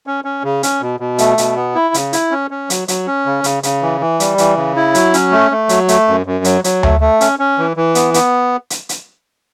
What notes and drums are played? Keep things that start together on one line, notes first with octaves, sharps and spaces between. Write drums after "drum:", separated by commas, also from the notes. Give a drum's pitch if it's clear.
C#4
C#4
C#3
C#4, drum: hi-hat
B2
B2
A3, drum: hi-hat
B2, drum: hi-hat
B3
E4
C#3, drum: hi-hat
E4, drum: hi-hat
C#4
C#4
F#3, drum: hi-hat
F#3, drum: hi-hat
C#4
C#3
C#3, drum: hi-hat
C#3, drum: hi-hat
E3
E3
G3, drum: hi-hat
E3, drum: hi-hat
C#3
E4
F#3, drum: hi-hat
C#4, drum: hi-hat
A3
A3
F#3, drum: hi-hat
A3, drum: hi-hat
F#2
F#2
F#3, drum: hi-hat
F#3, drum: hi-hat
A3, drum: tom D2
A3
C#4, drum: hi-hat
C#4
E3
E3
B3, drum: hi-hat
B3, drum: hi-hat
drum: hi-hat
drum: hi-hat